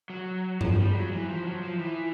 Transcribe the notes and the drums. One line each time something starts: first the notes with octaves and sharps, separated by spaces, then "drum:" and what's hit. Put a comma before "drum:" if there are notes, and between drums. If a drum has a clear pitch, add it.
F#3
F3, drum: tom G2
G3
F#3
E3
F3
F#3
F3
E3